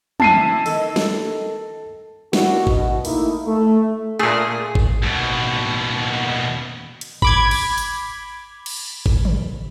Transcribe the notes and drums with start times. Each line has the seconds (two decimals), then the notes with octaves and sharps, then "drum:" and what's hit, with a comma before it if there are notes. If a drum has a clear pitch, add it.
0.20 A#2 E4 A5 C7 D#7, drum: tom
0.66 D#3 A4, drum: open hi-hat
0.96 drum: snare
2.33 D#3 B3 D4 E4 F#4, drum: snare
2.67 B2, drum: kick G#1
3.05 A3 A#3 D#4 E4, drum: open hi-hat
3.47 A3
4.19 A#2 A3 G#4
4.75 drum: kick G#1
5.02 D#2 B2
7.01 drum: hi-hat
7.22 B5 D6 G#6, drum: kick G#1
7.51 drum: cymbal
7.78 drum: tambourine
8.66 drum: cymbal
9.06 drum: kick G#1
9.25 drum: tom